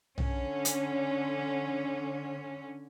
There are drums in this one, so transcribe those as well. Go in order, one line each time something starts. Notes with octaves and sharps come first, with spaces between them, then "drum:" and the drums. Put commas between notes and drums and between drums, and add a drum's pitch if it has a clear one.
D3 C#4, drum: tom
drum: hi-hat